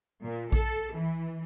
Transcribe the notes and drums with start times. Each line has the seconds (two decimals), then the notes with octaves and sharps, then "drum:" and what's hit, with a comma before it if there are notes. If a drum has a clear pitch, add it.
0.24 A#2
0.52 A4, drum: kick A#1
0.95 E3